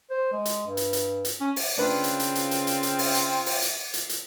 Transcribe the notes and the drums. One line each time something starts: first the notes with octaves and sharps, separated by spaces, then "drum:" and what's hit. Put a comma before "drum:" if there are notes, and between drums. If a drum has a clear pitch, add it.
C5
G#3
drum: hi-hat
G2
drum: hi-hat
drum: hi-hat
drum: hi-hat
C#4
drum: open hi-hat
C#3 C4 D4 F4 B4
drum: hi-hat
drum: hi-hat
drum: hi-hat
drum: hi-hat
drum: hi-hat
drum: hi-hat
drum: open hi-hat
drum: hi-hat
drum: open hi-hat
drum: hi-hat
drum: hi-hat
drum: hi-hat